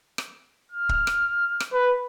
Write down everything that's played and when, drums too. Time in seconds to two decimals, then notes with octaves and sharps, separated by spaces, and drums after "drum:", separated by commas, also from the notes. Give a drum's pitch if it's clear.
0.18 drum: rim click
0.71 F6
0.89 drum: kick
1.07 drum: rim click
1.60 drum: rim click
1.72 B4